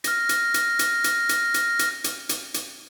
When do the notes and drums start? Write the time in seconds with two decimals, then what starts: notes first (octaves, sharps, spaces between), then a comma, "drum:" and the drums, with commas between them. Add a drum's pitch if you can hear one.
0.04 F6 A#6, drum: hi-hat
0.29 drum: hi-hat
0.54 drum: hi-hat
0.79 drum: hi-hat
1.04 drum: hi-hat
1.29 drum: hi-hat
1.54 drum: hi-hat
1.79 drum: hi-hat
2.04 drum: hi-hat
2.29 drum: hi-hat
2.54 drum: hi-hat